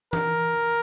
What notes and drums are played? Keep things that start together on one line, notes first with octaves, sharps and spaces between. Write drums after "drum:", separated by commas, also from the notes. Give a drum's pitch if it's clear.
A#4, drum: tom E3